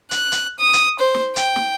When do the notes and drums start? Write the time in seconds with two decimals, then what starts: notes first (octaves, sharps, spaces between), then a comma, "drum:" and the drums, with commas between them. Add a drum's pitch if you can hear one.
0.11 F#6, drum: hi-hat
0.32 drum: hi-hat
0.59 D#6
0.73 drum: hi-hat
0.99 C5
1.15 drum: snare
1.36 G5, drum: hi-hat
1.56 drum: snare